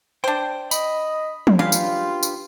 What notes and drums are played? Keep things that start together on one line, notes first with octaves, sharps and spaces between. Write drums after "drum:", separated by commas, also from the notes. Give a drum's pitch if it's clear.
D4 C5 G5
D#5 B5, drum: tambourine
drum: tom
C#3 D4 F4 G4 B4 F5
drum: tambourine
drum: tambourine